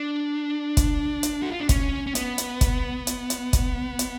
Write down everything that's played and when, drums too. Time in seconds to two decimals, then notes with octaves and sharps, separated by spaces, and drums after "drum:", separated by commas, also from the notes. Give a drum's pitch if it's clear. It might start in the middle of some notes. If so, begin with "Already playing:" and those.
Already playing: D4
0.77 drum: kick, hi-hat
1.23 drum: hi-hat
1.42 F#4
1.51 F4
1.60 D4
1.69 C#4, drum: kick, hi-hat
2.07 C#4
2.15 B3, drum: hi-hat
2.38 drum: hi-hat
2.61 drum: kick, hi-hat
3.07 drum: hi-hat
3.30 drum: hi-hat
3.53 drum: kick, hi-hat
3.99 drum: hi-hat